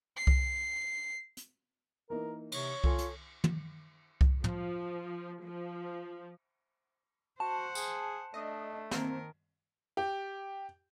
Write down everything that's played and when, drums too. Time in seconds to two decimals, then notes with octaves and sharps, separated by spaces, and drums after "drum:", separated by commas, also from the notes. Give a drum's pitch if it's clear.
0.17 C7
0.27 drum: kick C2
1.37 drum: hi-hat
2.10 E3 A#3 D#4 A#4
2.52 C3 C#5, drum: cymbal
2.84 F4 A4 G#5, drum: kick C2
2.98 drum: hi-hat
3.44 drum: tom
4.21 drum: kick C2
4.44 F3, drum: tom
5.43 F3
7.40 F#4 C5 F#5 A5
7.75 G#4, drum: tambourine
8.34 A3 D4 D#5
8.91 D#3 A#3 C4 A#4, drum: snare
9.97 G4